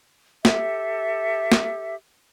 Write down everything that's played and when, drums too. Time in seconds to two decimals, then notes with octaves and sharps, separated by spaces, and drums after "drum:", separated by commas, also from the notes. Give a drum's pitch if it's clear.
0.45 G4 A4 E5, drum: snare
1.52 drum: snare